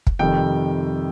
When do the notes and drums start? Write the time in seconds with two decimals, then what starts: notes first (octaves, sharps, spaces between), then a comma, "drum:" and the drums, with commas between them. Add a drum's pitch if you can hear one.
0.07 drum: kick
0.19 F2 C3 D#3 G3 G5